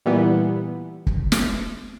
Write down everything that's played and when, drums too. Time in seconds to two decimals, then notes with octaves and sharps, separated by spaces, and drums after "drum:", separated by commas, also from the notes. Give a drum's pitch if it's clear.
0.06 A#2 E3 G3 B3
1.07 drum: kick
1.32 drum: snare